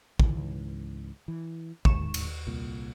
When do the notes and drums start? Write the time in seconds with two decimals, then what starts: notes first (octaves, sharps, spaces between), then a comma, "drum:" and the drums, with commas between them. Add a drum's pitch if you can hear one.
0.20 C#2 G#2 E3, drum: kick
1.28 E3
1.85 D1 D#2 G#2 C#6 E7, drum: kick
2.14 drum: cymbal
2.47 C2 A#2